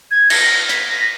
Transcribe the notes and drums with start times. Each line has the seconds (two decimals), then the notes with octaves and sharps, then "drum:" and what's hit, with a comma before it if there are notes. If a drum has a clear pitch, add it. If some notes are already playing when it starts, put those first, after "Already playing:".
0.11 G#6
0.30 A#6, drum: cymbal
0.69 B6, drum: hi-hat
0.89 A#6